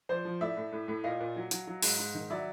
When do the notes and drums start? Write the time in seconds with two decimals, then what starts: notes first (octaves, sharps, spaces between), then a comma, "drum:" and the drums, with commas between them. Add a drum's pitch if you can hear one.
0.09 F3 C5 D5
0.25 F3
0.41 A2 D5 E5
0.57 A2
0.72 A2
0.88 A2
1.04 A#2 D#5 F5
1.20 A#2
1.36 F#3
1.51 F#3, drum: hi-hat
1.67 F#3
1.83 G#2, drum: open hi-hat
1.99 G#2
2.15 D#3
2.30 F#3 D5 E5